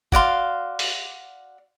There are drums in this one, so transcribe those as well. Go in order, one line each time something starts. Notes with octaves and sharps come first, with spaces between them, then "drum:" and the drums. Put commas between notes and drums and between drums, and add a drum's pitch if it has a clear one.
F#4 D5 F5 C6, drum: kick G#1
drum: open hi-hat